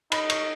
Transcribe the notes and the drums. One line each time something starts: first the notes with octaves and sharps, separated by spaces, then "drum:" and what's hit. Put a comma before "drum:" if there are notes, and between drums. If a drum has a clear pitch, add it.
D#4 B5, drum: cymbal
C#6, drum: cymbal